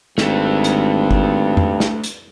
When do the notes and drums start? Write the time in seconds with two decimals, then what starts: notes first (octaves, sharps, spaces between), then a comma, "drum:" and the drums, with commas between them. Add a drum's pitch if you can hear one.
0.18 G#1 G2 A3 D4, drum: snare
0.64 drum: hi-hat
1.11 drum: kick G1
1.57 drum: tom F2
1.80 drum: snare
2.04 drum: hi-hat